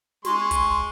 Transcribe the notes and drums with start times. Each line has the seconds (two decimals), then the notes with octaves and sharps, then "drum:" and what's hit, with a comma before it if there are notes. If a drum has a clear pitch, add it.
0.25 G#3 C6 C#6, drum: snare
0.51 drum: kick, hi-hat